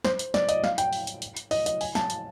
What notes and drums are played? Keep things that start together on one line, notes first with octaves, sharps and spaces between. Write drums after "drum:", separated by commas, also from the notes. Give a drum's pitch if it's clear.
C5, drum: snare
drum: hi-hat
D5, drum: snare
D#5, drum: hi-hat
F5, drum: snare
G5, drum: hi-hat
drum: open hi-hat
drum: hi-hat
drum: hi-hat
drum: hi-hat
D#5, drum: open hi-hat
D#5, drum: hi-hat
G#5, drum: open hi-hat
A5, drum: snare
drum: hi-hat